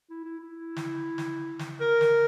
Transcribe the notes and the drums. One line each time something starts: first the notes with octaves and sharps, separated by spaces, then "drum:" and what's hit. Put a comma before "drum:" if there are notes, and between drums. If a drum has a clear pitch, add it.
E4
E4
E4
drum: snare
drum: snare
drum: snare
A#4
drum: snare